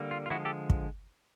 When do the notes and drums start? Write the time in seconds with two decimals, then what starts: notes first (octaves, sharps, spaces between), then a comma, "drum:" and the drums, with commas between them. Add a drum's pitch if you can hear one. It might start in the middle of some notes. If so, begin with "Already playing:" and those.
Already playing: D3 G3 A#3
0.11 F4
0.26 F4
0.30 D3 F3 G#3 E4 F#4
0.45 G4 A4
0.70 drum: kick